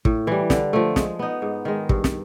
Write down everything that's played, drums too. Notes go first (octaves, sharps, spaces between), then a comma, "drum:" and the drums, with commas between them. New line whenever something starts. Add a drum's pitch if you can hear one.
A2, drum: kick
E3 G3
D3, drum: snare
F3 A3
G#3, drum: snare
B3 D#4
G#2
D#3 G#3
G2, drum: kick
drum: snare